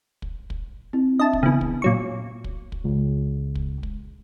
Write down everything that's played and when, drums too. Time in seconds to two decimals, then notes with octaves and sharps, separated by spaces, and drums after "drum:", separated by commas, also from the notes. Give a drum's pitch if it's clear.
0.22 drum: kick
0.50 drum: kick
0.93 C4 E4
1.19 D4 D#5 E5 A5
1.33 drum: kick
1.43 C#3 E3 B3 G#5
1.61 drum: kick
1.82 A#2 F#3 C#6
2.44 drum: kick
2.72 drum: kick
2.84 C#2
3.55 drum: kick
3.83 drum: kick